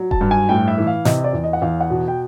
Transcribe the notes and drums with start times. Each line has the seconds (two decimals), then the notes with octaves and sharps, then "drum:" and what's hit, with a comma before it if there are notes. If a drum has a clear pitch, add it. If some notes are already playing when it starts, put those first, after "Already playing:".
Already playing: F#3
0.11 A5, drum: kick E1
0.21 G2
0.31 G#5
0.49 A2 G5
0.68 E5
0.78 E3
0.87 F5
1.05 C3 D#5, drum: snare
1.24 D5
1.33 E2
1.44 D#5
1.53 F#5
1.62 E2 F5
1.80 F#5
1.90 B2
2.08 G5